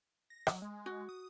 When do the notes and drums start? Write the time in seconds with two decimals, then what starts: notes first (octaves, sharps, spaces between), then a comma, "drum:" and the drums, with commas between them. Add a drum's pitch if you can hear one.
0.30 A#6
0.47 F#3, drum: rim click
0.62 G#3
0.86 F#4
1.09 D#6